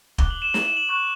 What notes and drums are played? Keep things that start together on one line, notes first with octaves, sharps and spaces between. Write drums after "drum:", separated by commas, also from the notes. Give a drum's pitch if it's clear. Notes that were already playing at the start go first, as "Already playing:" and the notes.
D6 F#6 G7, drum: kick
F#7
E7
F#7, drum: snare
E7
F#7
C#6 F#6 E7